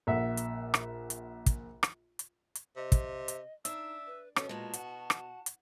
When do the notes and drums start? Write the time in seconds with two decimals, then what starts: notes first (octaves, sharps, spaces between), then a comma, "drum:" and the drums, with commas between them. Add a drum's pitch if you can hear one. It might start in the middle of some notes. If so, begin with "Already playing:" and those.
0.07 A#1 E5 F#5
0.37 drum: hi-hat
0.74 drum: rim click
1.10 drum: hi-hat
1.46 drum: kick, hi-hat
1.83 drum: rim click
2.19 drum: hi-hat
2.55 drum: hi-hat
2.76 C3 D#5
2.92 drum: kick, hi-hat
3.28 drum: hi-hat
3.65 D4 D#4 E5, drum: hi-hat
4.07 B4
4.36 B2 C#4 A4, drum: rim click
4.49 A#2 G#3 A5
4.74 F#4, drum: hi-hat
5.10 drum: rim click
5.46 drum: hi-hat